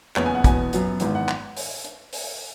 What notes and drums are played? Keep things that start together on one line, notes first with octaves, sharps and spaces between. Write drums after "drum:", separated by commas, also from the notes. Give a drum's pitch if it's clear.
F#1 E2 E3 B3 C#5, drum: clap
G#5
F#5
E2 B2 B3 G#5, drum: kick, hi-hat
F#2 F#3 B3, drum: hi-hat
G#1 G#2 E3 B3, drum: hi-hat
F#5
drum: clap
drum: open hi-hat
drum: hi-hat
drum: open hi-hat